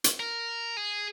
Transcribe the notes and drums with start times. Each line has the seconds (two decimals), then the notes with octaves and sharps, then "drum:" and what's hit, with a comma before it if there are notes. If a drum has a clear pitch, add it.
0.04 drum: hi-hat
0.20 A#4
0.77 G#4